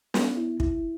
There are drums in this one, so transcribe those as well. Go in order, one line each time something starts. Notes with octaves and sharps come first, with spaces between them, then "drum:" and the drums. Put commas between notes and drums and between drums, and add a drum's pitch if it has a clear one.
B3, drum: snare
E4
E4, drum: kick